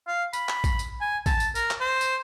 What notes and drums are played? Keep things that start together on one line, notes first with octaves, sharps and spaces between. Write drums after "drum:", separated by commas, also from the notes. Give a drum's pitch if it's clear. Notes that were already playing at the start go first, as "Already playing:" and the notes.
F5
B5, drum: tambourine
drum: clap
drum: kick, tambourine
drum: tambourine
G#5
A5, drum: kick, tambourine
drum: tambourine
A#4, drum: tambourine
drum: clap
C5
drum: tambourine